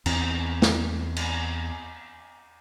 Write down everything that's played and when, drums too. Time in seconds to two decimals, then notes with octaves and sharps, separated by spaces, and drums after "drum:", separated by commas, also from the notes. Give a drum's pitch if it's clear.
0.06 E2 C4, drum: cymbal
0.62 drum: snare
1.16 drum: cymbal